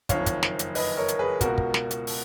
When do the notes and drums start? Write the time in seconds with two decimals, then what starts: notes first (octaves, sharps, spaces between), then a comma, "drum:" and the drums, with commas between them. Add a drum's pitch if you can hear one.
0.09 F#1 F2 D#3 C#5 F5, drum: kick, hi-hat
0.26 drum: kick, hi-hat
0.43 drum: snare
0.59 drum: hi-hat
0.75 B4 D#5, drum: open hi-hat
0.97 A#4 C#5
1.08 drum: hi-hat
1.19 G#4 B4
1.41 C#2 B2 F#4 A#4, drum: kick, hi-hat
1.58 drum: kick
1.74 drum: snare
1.91 drum: hi-hat
2.07 drum: open hi-hat